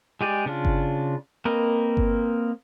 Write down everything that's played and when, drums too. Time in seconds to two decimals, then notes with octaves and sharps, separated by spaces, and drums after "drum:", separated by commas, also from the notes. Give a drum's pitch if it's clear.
0.21 G#3 G4 G#4 D5
0.46 C#3 D4 F4
0.65 drum: kick G1
1.45 A#3 C4 A#4 B4 D#5
1.97 drum: kick G1